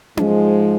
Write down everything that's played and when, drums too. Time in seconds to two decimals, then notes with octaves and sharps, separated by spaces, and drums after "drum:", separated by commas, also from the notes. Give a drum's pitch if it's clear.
0.17 G#2 F3 G#3, drum: tom C#4